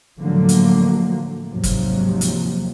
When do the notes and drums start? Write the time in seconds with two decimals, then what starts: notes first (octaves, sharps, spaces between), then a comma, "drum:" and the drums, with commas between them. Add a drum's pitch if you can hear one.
0.20 A2 D3 F3 F#3 A3 A#3
0.49 drum: hi-hat
1.51 D#2 G#2 C3 F3 F#3
1.64 drum: kick G#1, hi-hat
2.21 drum: hi-hat